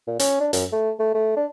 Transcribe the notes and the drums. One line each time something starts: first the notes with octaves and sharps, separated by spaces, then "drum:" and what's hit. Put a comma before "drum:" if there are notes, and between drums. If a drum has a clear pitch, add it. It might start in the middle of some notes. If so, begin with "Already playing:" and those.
A#2
C#4, drum: hi-hat
D4
F#2, drum: hi-hat
A3
A3
A3
D4